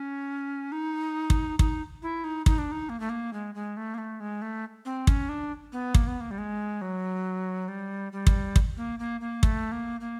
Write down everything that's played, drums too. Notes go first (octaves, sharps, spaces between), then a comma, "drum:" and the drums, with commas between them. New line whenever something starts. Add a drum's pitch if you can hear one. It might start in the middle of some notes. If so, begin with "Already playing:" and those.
Already playing: C#4
D#4
drum: kick
D#4, drum: kick
E4
D#4
D#4, drum: kick
D4
D#4
A#3
A3
A#3
G#3
G#3
A3
A#3
A3
G#3
A3
C4
C#4, drum: kick
D4
B3
A#3, drum: kick
B3
A#3
G3
G#3
F#3
G3
G3
drum: kick
drum: kick
A#3
A#3
A#3
A3, drum: kick
A#3
A#3